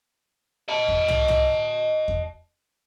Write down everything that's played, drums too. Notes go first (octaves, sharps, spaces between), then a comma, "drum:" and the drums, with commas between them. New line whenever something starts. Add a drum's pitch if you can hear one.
D#5 A5
drum: kick E2
drum: tom
drum: tom
drum: kick E2